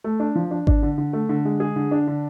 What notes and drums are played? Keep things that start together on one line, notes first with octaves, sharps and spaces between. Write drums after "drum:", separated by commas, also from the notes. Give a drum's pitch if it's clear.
A3
D4
F3
D4
D4, drum: kick G#1
D3
D3
A3
D3
G#3
G#4
D3
D4
D3